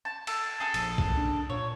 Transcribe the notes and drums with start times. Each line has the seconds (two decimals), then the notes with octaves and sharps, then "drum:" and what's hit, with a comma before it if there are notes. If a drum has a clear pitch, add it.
0.05 A5
0.27 A4, drum: cymbal
0.60 G#4 A4
0.74 A#1, drum: cymbal
0.98 drum: kick
1.17 D4
1.50 A#2 C#5